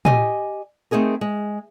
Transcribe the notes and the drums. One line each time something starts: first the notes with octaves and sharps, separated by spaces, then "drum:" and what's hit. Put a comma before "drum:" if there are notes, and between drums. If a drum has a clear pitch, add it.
G4 D#5 G#5, drum: tom
A3 C4 D#4 G#4 A#4
G#3